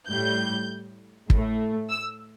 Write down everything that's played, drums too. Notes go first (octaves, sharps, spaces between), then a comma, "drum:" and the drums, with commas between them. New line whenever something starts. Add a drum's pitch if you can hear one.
A2 G3 G6
A2 A3, drum: kick
E6